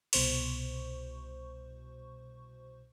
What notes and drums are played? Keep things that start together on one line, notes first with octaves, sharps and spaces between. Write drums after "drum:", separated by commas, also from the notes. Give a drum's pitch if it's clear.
C2 B2 C5 C#6, drum: cymbal